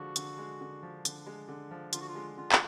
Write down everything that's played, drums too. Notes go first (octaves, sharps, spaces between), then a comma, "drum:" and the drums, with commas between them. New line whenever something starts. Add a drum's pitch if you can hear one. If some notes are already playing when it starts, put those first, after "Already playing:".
Already playing: D3 F3 G#3 F#4
D3, drum: hi-hat
G#3
D3
F3
D3, drum: hi-hat
G#3
D3
F3
D3 F4, drum: hi-hat
F#4
F4
G#3
D3 F4
drum: clap